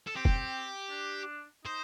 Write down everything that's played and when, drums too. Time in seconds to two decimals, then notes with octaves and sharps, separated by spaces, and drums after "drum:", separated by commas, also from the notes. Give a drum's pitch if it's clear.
0.07 A4
0.16 C4 G4
0.25 drum: kick
0.90 D4
1.65 D#4 C5